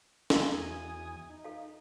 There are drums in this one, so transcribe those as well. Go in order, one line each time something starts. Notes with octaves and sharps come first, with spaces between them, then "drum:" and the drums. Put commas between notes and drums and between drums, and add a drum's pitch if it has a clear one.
F#4 F5, drum: snare
E2 G#5 D#6
D#4
A4 F5